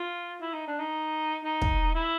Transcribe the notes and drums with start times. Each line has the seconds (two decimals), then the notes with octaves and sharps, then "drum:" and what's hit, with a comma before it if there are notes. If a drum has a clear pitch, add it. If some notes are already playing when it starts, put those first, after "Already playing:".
Already playing: F4
0.41 E4
0.54 D#4
0.67 D4
0.79 D#4
1.44 D#4
1.62 drum: kick
1.95 E4